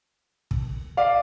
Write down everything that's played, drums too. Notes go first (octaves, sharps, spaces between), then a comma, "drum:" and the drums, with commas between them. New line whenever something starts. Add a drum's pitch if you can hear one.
drum: kick
D5 F5